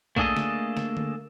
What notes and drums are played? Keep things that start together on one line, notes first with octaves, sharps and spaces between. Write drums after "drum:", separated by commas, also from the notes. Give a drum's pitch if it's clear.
A3 A#3 D4 G#4 A4 D#5, drum: kick A#1
drum: snare
drum: snare
drum: tom D3